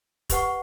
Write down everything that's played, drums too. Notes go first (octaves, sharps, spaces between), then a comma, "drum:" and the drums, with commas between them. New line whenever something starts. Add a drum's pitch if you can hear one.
G4 B4 F#5 C#6, drum: kick, hi-hat